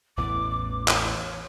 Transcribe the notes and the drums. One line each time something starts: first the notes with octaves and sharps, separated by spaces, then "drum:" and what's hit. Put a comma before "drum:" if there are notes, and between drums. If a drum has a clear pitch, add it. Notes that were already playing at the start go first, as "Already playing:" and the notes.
A1 E2 E3 D6
D6
C#5, drum: clap